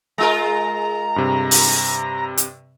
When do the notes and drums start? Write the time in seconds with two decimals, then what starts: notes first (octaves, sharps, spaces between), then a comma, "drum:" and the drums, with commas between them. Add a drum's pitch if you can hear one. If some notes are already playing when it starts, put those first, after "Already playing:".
0.18 G#3 F4 A#4 A#5
1.16 G2 C3
1.51 drum: open hi-hat
2.37 drum: hi-hat